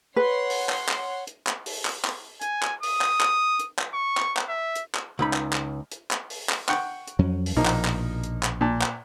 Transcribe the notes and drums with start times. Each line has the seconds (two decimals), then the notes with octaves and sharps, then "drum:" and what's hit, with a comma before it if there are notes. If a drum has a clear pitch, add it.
0.16 B4 C#5 F#5 C6
0.50 drum: open hi-hat
0.69 drum: clap
0.89 drum: clap
1.27 drum: hi-hat
1.47 drum: clap
1.66 drum: open hi-hat
1.85 drum: clap
2.05 drum: clap
2.42 G#5, drum: hi-hat
2.63 drum: clap
2.83 D#6, drum: open hi-hat
3.01 drum: clap
3.21 drum: clap
3.59 drum: hi-hat
3.79 drum: clap
3.94 C#6
4.17 drum: clap
4.37 drum: clap
4.49 E5
4.75 drum: hi-hat
4.95 drum: clap
5.19 C#2 D#4 B5
5.34 drum: clap
5.53 drum: clap
5.92 drum: hi-hat
6.11 drum: clap
6.30 drum: open hi-hat
6.50 drum: clap
6.69 F#5 G5 C#6, drum: clap
7.08 drum: hi-hat
7.19 F2 F#3 C#4
7.46 drum: open hi-hat
7.56 A#1 B2 F3 A#3 D#4
7.66 drum: clap
7.85 drum: clap
8.24 drum: hi-hat
8.43 drum: clap
8.61 A#2 A5
8.82 drum: clap